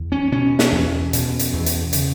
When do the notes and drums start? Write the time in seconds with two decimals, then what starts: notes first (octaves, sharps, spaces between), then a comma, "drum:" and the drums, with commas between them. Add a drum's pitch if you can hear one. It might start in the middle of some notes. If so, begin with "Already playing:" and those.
Already playing: E2
0.12 C#4
0.32 B2 C#4
0.59 drum: snare
0.72 E2
1.13 B2, drum: hi-hat
1.39 drum: hi-hat
1.53 E2
1.66 drum: hi-hat
1.93 C#3, drum: hi-hat